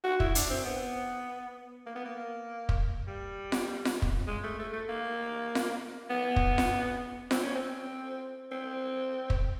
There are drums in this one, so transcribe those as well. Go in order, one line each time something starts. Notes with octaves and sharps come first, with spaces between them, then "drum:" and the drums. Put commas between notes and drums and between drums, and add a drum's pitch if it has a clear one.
F#4
E4, drum: kick
D4, drum: hi-hat
C4
B3
A#3
B3
A#3
drum: kick
G3
drum: snare F4
drum: snare F4
drum: kick
G#3
A3
A3
A3
A#3
drum: snare F4
B3
drum: kick
drum: snare F4
C4, drum: snare F4
C#4
C4
C4
drum: kick